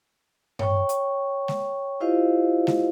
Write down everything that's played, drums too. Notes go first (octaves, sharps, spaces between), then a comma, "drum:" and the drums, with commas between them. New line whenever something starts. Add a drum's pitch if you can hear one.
C#5 G5 C#6, drum: tom G2
drum: hi-hat
drum: snare G#3
E4 F4 G4 C5 D#5 F5
drum: snare G#3